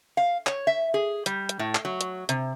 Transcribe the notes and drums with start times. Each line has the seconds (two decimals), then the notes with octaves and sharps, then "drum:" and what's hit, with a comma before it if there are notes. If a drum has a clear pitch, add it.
0.17 F5
0.47 C#5, drum: clap
0.67 E5
0.94 G#4
1.26 G3, drum: hi-hat
1.49 drum: hi-hat
1.59 A2
1.75 drum: clap
1.85 F#3
2.01 drum: hi-hat
2.29 C3, drum: hi-hat